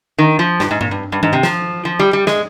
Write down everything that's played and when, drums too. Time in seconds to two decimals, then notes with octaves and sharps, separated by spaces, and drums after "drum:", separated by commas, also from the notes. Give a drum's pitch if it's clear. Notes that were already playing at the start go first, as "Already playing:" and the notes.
0.18 D#3
0.39 F3
0.60 G2, drum: snare
0.71 G#2
0.81 A#2, drum: tom G2
0.91 G2
1.12 G2
1.23 G#2, drum: tom D#3
1.33 C3
1.43 F3, drum: snare
1.85 F3
1.99 G3
2.13 G3
2.27 G#3, drum: snare